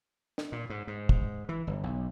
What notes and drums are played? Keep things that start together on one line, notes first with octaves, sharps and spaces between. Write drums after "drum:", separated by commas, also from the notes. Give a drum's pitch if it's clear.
drum: snare
A#2
G#2
G#2
drum: kick
E3
G1
B1